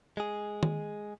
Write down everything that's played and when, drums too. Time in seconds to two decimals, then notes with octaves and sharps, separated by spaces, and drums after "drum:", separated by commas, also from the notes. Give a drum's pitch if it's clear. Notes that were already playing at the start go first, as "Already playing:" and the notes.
0.17 G#3 G#4
0.63 drum: tom D#3